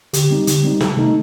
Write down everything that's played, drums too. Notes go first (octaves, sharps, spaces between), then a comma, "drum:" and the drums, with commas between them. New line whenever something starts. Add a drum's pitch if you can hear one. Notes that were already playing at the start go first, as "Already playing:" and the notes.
D3 G4, drum: hi-hat
G3 C4 D#4
D3, drum: hi-hat
G3 C4 D#4
C3 A4, drum: snare
D#3 A3 D#4